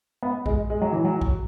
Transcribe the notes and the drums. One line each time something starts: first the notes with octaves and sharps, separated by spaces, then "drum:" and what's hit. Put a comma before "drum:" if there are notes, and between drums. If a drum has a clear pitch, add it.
B3
G#3, drum: kick A#1
G#3
F#3
E3
F#3
drum: kick A#1